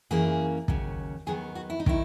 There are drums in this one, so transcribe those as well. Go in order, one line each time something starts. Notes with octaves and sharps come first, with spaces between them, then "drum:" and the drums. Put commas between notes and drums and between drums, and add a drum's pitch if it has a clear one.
F#2 E3 A#3 C#4 G#4
D#2 C#3 F#3 C#4, drum: kick
D#2 D#3 F#3 B3 G#4
F#4
E4
D#4
D#3 F#3 E4, drum: kick